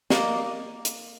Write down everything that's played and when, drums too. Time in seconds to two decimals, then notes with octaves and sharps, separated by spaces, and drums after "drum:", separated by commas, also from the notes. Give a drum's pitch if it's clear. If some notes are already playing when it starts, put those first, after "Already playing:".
0.10 A#3 D5 D#5, drum: snare
0.85 drum: hi-hat